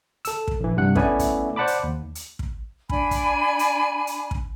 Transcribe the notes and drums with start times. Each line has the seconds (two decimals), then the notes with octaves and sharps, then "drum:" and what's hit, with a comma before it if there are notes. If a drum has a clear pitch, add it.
0.25 A4 E6, drum: hi-hat
0.48 drum: kick
0.60 A#1 E3
0.77 G2 C3 G3 F#5 F#6
0.95 A3 B3 C#4 E4 D5 G#5, drum: kick
1.19 drum: kick, hi-hat
1.56 C5 D5 F#5 A5 B5 D6
1.67 drum: hi-hat
1.84 D#2
2.15 drum: hi-hat
2.39 drum: kick
2.90 D4 G#5 B5, drum: kick
3.11 drum: kick, hi-hat
3.59 drum: hi-hat
4.07 drum: hi-hat
4.31 drum: kick